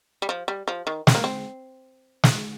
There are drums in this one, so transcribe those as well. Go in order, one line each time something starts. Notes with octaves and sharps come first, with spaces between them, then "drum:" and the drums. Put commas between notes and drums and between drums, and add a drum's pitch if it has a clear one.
G3
F3
G3
F3
D#3
C4, drum: snare
A#3
C4
drum: snare